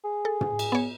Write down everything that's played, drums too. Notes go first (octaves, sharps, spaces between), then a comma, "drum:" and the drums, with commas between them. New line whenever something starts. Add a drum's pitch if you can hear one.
G#4
A4
drum: tom
drum: cymbal
B3 C#5